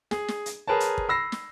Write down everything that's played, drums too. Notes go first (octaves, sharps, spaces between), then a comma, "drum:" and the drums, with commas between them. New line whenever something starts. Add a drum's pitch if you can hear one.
G#4, drum: snare
drum: snare
drum: hi-hat
G#4 A#4 B4 C#5 A5
drum: hi-hat
drum: kick
B5 E6 A#6 C7
drum: snare